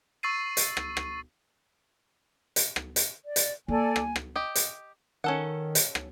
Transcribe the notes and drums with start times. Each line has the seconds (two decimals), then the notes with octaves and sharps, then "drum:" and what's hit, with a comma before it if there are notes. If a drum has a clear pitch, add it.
0.23 C#6 E6 A6 C7 D#7
0.57 drum: hi-hat
0.77 drum: rim click
0.97 drum: rim click
2.56 drum: hi-hat
2.76 drum: rim click
2.96 drum: hi-hat
3.25 D5
3.36 drum: hi-hat
3.68 A#3 A4 D5 G#5
3.96 drum: rim click
4.16 drum: rim click
4.36 G4 D#5
4.55 drum: hi-hat
5.24 D#3 C#4 A4 F#5
5.75 drum: hi-hat
5.95 drum: rim click